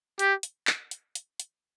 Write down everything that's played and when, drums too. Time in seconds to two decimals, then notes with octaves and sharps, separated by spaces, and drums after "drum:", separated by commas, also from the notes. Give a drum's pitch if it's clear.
0.19 G4, drum: hi-hat
0.43 drum: hi-hat
0.67 drum: clap
0.91 drum: hi-hat
1.15 drum: hi-hat
1.40 drum: hi-hat